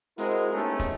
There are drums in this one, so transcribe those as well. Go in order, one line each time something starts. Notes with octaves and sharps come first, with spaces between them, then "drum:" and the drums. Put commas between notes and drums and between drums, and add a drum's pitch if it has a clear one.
G#3 C4 E4 F#4 G#4 A#4, drum: hi-hat
A3 B3 C#4 D#4 G4 A4
drum: kick, hi-hat